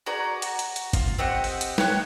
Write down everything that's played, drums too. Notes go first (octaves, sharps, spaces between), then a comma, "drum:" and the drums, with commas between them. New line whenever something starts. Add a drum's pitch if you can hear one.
F#4 G#4 D5 A#5
F#4, drum: hi-hat
drum: hi-hat
drum: hi-hat
F4, drum: kick, hi-hat
C4 G4 D#5 F#5
drum: open hi-hat
drum: hi-hat
B4 C#5 G5 F#6, drum: snare